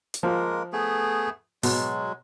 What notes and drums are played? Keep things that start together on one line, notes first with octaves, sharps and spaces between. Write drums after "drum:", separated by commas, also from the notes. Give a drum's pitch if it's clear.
drum: hi-hat
F3 G#3 A#3 A#4
A3 B3 G#4
B2 F#3 G#3, drum: open hi-hat